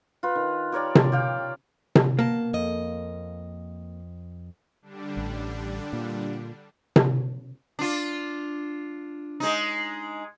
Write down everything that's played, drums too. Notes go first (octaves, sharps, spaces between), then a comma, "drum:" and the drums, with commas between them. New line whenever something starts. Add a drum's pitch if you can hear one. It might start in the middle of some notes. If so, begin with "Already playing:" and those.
F4 B4
D#3
G4 A#4 C#5 D5
drum: tom C3
G4 F5 G5
drum: tom C3
B2 A#3 A5
F2 D#5
D3 G3 D4
A1
A#2
drum: tom C3
D4 F4
G#3 D#4